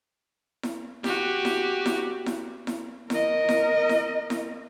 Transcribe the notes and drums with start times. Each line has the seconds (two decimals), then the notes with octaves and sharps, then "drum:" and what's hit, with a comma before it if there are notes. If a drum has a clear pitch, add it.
0.63 drum: snare E4
1.04 F#4 G4, drum: snare E4
1.45 drum: snare E4
1.86 drum: snare E4
2.26 drum: snare E4
2.67 drum: snare E4
3.10 A#4 D#5, drum: snare E4
3.49 drum: snare E4
3.89 drum: snare E4
4.30 drum: snare E4